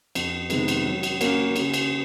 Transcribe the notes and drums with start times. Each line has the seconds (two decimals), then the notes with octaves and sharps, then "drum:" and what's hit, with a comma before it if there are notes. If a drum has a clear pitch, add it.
0.15 F2, drum: cymbal
0.50 C3 D#3 G#3 B3, drum: cymbal
0.68 drum: cymbal
0.86 F#3
1.03 drum: cymbal
1.21 A#3 C#4 F#4 A#4, drum: cymbal
1.56 C#3, drum: cymbal
1.74 drum: cymbal